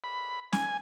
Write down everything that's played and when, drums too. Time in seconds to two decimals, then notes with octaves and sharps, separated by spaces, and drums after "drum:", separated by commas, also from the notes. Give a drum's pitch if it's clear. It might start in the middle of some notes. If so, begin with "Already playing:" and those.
0.04 B5
0.53 G#5, drum: snare